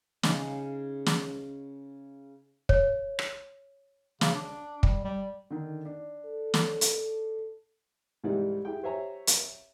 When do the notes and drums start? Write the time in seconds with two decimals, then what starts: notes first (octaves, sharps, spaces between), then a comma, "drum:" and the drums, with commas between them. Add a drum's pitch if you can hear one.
0.23 C#3 D#4 G#4 F5, drum: snare
1.06 drum: snare
2.69 C#5, drum: kick
3.19 drum: rim click
4.21 C#3, drum: snare
4.35 D4
4.83 G3, drum: kick
5.04 G3
5.50 D3 D#3
5.85 D4
6.26 A4
6.54 drum: snare
6.81 drum: hi-hat
8.24 C2 G#2 E3 G3 D#4 D5
8.65 E4 G4 G#4 G5
8.83 G4 C5 C#5 E5 G#5 A#5
9.27 drum: hi-hat